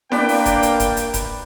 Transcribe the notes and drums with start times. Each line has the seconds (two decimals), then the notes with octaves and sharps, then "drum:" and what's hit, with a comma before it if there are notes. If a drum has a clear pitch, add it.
0.12 A#3 D4 B4 D5 G5 B5, drum: snare E4
0.29 drum: open hi-hat
0.46 drum: kick E1, hi-hat
0.63 drum: hi-hat
0.80 drum: kick E1, hi-hat
0.97 drum: hi-hat
1.14 drum: kick E1, hi-hat